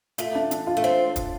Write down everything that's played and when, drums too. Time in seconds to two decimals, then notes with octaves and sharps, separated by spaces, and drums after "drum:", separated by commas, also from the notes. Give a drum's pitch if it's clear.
0.18 A3 F4, drum: hi-hat
0.35 D4
0.51 D4, drum: hi-hat
0.67 F4
0.77 A3
0.84 C4
1.16 drum: kick, hi-hat